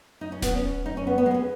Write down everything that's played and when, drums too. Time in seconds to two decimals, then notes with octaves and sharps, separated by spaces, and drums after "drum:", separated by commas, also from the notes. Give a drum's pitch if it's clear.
0.21 D#4
0.32 C#4
0.42 B3, drum: snare D#1
0.54 C#4
0.86 D#4
0.97 C#4
1.07 B3
1.18 B3
1.26 G#3
1.31 B3
1.34 C#4